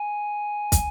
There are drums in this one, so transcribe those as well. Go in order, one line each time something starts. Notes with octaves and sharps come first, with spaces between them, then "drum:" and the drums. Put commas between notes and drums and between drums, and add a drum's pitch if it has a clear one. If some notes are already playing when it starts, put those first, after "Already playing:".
Already playing: G#5
drum: kick, hi-hat